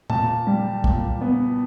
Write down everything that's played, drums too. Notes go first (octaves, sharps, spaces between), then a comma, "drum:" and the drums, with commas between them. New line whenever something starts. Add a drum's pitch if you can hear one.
A#2 A5, drum: tom A#2
G3
A#2, drum: kick
B3